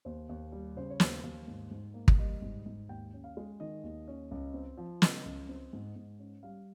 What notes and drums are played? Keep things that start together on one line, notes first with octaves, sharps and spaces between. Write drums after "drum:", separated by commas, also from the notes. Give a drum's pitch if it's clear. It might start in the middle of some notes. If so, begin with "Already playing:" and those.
D#2 C5
D#2
G3
C#3 C5
C#5
D#2 C5, drum: snare
D#2
G#2
G#2
A#3
drum: kick
G3 D#5
G#2
G#2
D#2 G5
C#4
F5
G#3
D#3 D#5
D#2
C#4
C#2
C4
F3
C#3 D#5, drum: snare
C#2
C4
G#2
G#2
C#4
G3 F5